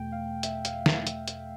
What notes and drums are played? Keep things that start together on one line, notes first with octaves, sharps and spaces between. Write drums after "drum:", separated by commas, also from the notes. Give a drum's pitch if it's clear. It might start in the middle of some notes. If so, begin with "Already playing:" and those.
Already playing: E2 B2 A3 G5
F5
E5, drum: hi-hat
F5, drum: hi-hat
E5, drum: snare
drum: hi-hat
drum: hi-hat